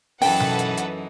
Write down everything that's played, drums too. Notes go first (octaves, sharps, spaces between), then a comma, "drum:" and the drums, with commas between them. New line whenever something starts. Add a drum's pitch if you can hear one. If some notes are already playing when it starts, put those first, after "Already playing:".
F#2 E3 D#4 A4 B4 F#5 G5, drum: open hi-hat
drum: tom B2
drum: hi-hat
drum: hi-hat